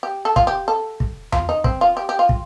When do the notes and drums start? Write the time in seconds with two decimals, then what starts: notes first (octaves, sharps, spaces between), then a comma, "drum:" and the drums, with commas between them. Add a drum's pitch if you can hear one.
0.03 G4
0.25 A4
0.36 F4, drum: kick
0.47 G4
0.68 A4
1.00 drum: kick
1.32 F4, drum: tom E2
1.49 D#4
1.64 C4, drum: kick
1.81 F4
1.97 G4
2.09 G4
2.19 F4
2.29 drum: kick